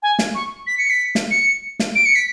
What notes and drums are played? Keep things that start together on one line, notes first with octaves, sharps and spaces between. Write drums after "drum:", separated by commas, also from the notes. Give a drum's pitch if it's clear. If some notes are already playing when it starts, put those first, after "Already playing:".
G#5
drum: snare
C#6
B6
C#7
B6
drum: snare
C#7
drum: snare
D7
C#7
B6